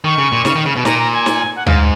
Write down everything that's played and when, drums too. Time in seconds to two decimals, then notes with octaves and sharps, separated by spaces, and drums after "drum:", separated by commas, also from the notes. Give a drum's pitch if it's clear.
0.04 D#3 C#6
0.18 C#3
0.32 A#2
0.45 C#3, drum: snare
0.56 D#3
0.66 C#3
0.76 B2
0.85 A#2 A#5, drum: snare
0.99 A#5
1.13 G#5
1.26 drum: snare
1.56 F#5
1.66 G#2 F5, drum: tom